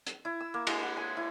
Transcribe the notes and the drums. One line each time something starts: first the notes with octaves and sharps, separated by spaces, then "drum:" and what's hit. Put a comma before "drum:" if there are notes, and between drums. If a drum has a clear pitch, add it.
drum: hi-hat
E4
E6
A#3
G#3, drum: cymbal
F#5
G#5
E4